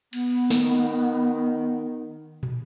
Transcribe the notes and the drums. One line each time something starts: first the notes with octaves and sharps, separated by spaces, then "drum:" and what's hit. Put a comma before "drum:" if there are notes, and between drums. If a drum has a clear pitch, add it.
B3, drum: cymbal
D#3, drum: snare
drum: tom